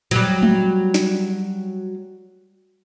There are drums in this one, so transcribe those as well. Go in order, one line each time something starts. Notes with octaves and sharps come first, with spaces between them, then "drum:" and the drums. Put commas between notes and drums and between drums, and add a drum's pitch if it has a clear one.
F#3 G3, drum: hi-hat
drum: tom G#3
drum: snare